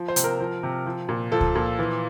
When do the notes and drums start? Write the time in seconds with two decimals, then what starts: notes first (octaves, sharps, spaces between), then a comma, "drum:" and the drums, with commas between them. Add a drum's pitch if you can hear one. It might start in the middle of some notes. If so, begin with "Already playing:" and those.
Already playing: F3
0.08 C5
0.16 C3, drum: hi-hat
0.24 A#4
0.40 F3
0.63 C3
0.86 F3
1.09 A#2
1.32 F3 A4
1.41 drum: kick C#2
1.55 A#2
1.79 E3